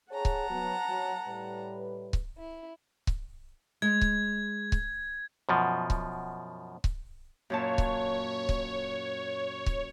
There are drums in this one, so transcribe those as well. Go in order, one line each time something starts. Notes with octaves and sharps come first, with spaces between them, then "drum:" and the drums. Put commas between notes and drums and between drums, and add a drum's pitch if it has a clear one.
G#4 C#5 F#5 A5 A#5
drum: kick C#1
F#3 B3 F#4
F#3
A2 G3 B4
drum: kick C#1
E4
drum: kick C#1
G#3 G#6
drum: kick C#1
drum: kick C#1
F#2 B2 F3
drum: kick C#1
drum: kick C#1
F#2 A#2 C#5 A5
drum: kick C#1
drum: kick C#1
drum: kick C#1